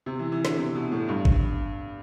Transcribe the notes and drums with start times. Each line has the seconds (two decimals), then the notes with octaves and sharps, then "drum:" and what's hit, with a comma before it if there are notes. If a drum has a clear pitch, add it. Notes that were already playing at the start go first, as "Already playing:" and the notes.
0.06 C3
0.19 E3
0.32 E3
0.45 D3, drum: snare
0.57 C3
0.75 B2
0.92 A2
1.09 G2
1.25 drum: kick G1